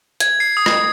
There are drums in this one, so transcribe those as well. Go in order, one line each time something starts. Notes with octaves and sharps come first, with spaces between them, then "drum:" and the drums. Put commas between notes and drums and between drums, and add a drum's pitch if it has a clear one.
G#6, drum: hi-hat
C7
D#6
drum: rim click